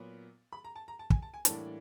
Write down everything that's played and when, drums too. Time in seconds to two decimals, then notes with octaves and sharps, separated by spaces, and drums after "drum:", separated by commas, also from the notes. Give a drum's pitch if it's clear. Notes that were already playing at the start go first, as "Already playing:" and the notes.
Already playing: A#2 F#3 B3
0.53 B5
0.65 A#5
0.76 A5
0.88 A#5
0.99 A5
1.10 G#5, drum: kick
1.22 A5
1.34 G#5
1.45 A2 E3 G3 A#3 D4 A5, drum: hi-hat